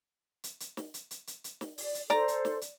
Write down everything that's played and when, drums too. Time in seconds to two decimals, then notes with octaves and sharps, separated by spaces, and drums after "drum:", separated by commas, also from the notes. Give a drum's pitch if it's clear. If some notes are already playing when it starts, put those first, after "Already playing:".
0.44 drum: hi-hat
0.60 drum: hi-hat
0.77 drum: snare
0.94 drum: hi-hat
1.11 drum: hi-hat
1.27 drum: hi-hat
1.44 drum: hi-hat
1.61 drum: snare
1.78 D5, drum: open hi-hat
1.94 drum: hi-hat
2.10 A4 C5 D5 A#5, drum: snare
2.28 drum: hi-hat
2.45 drum: snare
2.61 drum: hi-hat